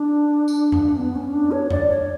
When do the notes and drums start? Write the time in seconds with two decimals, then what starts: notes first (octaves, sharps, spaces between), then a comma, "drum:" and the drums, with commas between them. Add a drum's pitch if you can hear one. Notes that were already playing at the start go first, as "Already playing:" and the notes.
Already playing: D4
0.48 drum: tambourine
0.72 drum: tom F2
0.97 B3
1.15 C#4
1.33 D4
1.52 C#5
1.70 D5, drum: tom F2
1.88 C#5